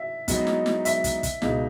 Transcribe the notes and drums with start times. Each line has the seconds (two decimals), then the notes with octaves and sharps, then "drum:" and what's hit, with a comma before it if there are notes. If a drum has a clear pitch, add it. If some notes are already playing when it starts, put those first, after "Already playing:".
Already playing: E5
0.28 G#2 F#3 B3 D#4, drum: kick, hi-hat
0.47 drum: snare
0.66 drum: snare
0.85 E5, drum: hi-hat
1.04 drum: kick, hi-hat
1.23 drum: kick, hi-hat
1.42 C#2 B2 G#3 D#4, drum: snare